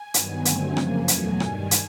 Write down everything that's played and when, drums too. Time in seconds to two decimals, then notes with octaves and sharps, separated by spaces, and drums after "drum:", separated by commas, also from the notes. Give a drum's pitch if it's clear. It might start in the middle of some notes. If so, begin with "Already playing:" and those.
Already playing: G#5
0.14 G2 D#3 F#3 B3, drum: hi-hat
0.45 G2 D3 F#3 A3 C4, drum: hi-hat
0.77 F#2 C#3 F3 A#3, drum: rim click
1.08 E2 B2 F#3 A3 G#5, drum: hi-hat
1.40 G2 D#3 G3, drum: rim click
1.71 drum: hi-hat